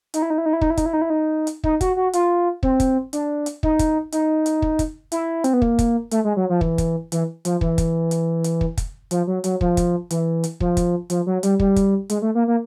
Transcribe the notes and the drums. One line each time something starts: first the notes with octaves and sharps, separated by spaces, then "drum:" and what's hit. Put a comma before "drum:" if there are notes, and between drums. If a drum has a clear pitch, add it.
D#4, drum: hi-hat
E4
D#4
E4
D#4
E4
D#4, drum: kick
E4
D#4, drum: kick, hi-hat
E4
D#4
E4
D#4
drum: hi-hat
D#4, drum: kick
F#4, drum: kick, hi-hat
F#4
F4, drum: hi-hat
C4, drum: kick
drum: kick, hi-hat
D4, drum: hi-hat
drum: hi-hat
D#4, drum: kick
drum: kick, hi-hat
D#4, drum: hi-hat
drum: hi-hat
drum: kick
drum: kick, hi-hat
E4, drum: hi-hat
C4, drum: hi-hat
B3
A#3, drum: kick
drum: kick, hi-hat
A3, drum: hi-hat
G#3
F#3
F3
E3, drum: kick
drum: kick, hi-hat
E3, drum: hi-hat
F3, drum: hi-hat
E3, drum: kick
drum: kick, hi-hat
drum: hi-hat
drum: hi-hat
drum: kick
drum: kick, hi-hat
F3, drum: hi-hat
F#3
F#3, drum: hi-hat
F3, drum: kick
drum: kick, hi-hat
E3, drum: hi-hat
drum: hi-hat
F3, drum: kick
drum: kick, hi-hat
F3, drum: hi-hat
F#3
G3, drum: hi-hat
G3, drum: kick
drum: kick, hi-hat
G#3, drum: hi-hat
A3
A#3
A#3